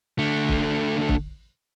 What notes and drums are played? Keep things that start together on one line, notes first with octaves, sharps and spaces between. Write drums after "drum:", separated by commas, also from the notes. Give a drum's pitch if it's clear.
D3 A3
drum: kick
drum: kick